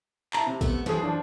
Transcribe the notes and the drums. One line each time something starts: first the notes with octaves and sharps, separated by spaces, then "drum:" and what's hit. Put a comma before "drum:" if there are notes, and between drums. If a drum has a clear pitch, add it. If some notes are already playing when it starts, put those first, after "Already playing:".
E4 A5 A#5, drum: clap
C3
A3 B3, drum: kick
F#2 E3 F3 G#4
F3 D4